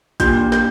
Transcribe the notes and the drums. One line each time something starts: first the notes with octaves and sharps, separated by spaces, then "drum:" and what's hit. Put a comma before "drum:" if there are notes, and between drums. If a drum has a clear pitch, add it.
A#2 G3 D4 F4 G6, drum: kick, hi-hat
G6, drum: snare